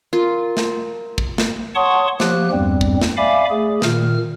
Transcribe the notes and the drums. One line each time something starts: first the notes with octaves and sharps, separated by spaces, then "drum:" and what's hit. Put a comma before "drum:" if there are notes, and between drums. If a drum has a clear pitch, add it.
F4 A#4
drum: snare
drum: kick
drum: snare
C#5 F#5 A5 C6 C#6 D#6
F3 A#3 G4 F#6, drum: snare
E2 G2 G3 C4
drum: kick
drum: snare
D5 E5 F5 G#5 B5 D6
A3 G#4
A#2 D#3 F6, drum: snare